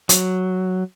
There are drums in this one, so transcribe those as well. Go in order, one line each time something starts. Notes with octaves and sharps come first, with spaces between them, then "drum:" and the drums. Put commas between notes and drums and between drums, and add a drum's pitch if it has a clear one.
F#3, drum: hi-hat